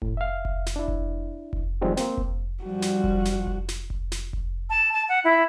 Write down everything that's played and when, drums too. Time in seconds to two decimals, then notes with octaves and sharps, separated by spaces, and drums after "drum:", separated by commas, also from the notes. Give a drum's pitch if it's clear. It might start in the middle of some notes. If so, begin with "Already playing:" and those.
0.02 A2, drum: kick F1
0.17 E5 F5
0.45 drum: kick F1
0.66 drum: snare
0.76 D4 E4
0.88 drum: kick F1
1.53 drum: kick F1
1.81 D#3 F3 G3 G#3 C4 D#4
1.97 A#3 C4, drum: snare
2.17 drum: kick F1
2.64 G2 F3 G3 F#4
2.82 drum: snare
3.04 drum: kick F1
3.25 drum: snare
3.47 drum: kick F1
3.68 drum: snare
3.90 drum: kick F1
4.12 drum: snare
4.33 drum: kick F1
4.69 A5
4.92 A5
5.08 F#5
5.24 E4